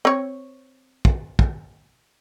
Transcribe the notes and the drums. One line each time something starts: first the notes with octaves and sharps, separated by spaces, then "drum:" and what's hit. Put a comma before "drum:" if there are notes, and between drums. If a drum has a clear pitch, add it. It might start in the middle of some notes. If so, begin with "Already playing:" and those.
C4 C#5
drum: kick
drum: kick